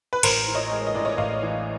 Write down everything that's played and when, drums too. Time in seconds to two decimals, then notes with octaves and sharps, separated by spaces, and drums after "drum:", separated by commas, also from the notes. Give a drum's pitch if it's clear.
0.13 B4
0.23 A1 A#4 C5, drum: cymbal
0.47 E3
0.55 C#5 D#5
0.71 G#3
0.87 D#5
0.94 A2 D5
1.05 C#5 D#5
1.18 A1 D#5 F5
1.42 E3